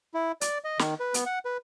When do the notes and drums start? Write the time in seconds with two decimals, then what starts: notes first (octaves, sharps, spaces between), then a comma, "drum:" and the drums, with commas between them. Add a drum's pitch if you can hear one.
0.14 E4
0.41 D5, drum: hi-hat
0.64 D#5
0.79 D#3, drum: snare
1.00 B4
1.14 B3, drum: hi-hat
1.26 F#5
1.45 B4